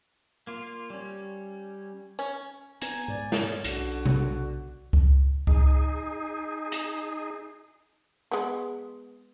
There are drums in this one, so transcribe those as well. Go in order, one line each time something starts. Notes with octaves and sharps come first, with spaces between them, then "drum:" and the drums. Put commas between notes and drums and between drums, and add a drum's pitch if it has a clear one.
A#3 F4
G3 C#4
C#4
B3 G#5 A#5, drum: hi-hat
G#2 B2 D5
C#4, drum: snare
B1 D3 F#4, drum: hi-hat
drum: tom B2
drum: kick C#2
D#4 G#4, drum: kick C#2
drum: hi-hat
G#3 B3